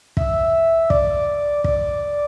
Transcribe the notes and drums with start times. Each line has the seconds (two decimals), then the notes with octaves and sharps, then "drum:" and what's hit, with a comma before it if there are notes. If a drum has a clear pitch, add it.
0.17 E5, drum: kick
0.90 D5, drum: kick
1.64 D5, drum: kick